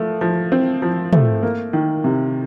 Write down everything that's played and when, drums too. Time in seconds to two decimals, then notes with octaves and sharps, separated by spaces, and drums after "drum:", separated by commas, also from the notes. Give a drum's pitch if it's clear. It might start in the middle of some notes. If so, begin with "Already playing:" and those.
Already playing: F3 A3
0.21 F3
0.52 C4
0.82 F3
1.13 A3, drum: tom
1.43 A#3
1.73 D#3
2.04 C3